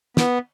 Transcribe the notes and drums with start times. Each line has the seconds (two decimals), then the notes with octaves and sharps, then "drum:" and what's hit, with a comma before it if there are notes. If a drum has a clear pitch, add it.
0.17 B3, drum: snare